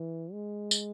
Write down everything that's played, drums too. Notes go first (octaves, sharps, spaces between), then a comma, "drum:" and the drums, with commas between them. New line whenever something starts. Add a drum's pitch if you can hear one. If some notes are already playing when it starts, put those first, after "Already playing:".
Already playing: E3
G#3
drum: tambourine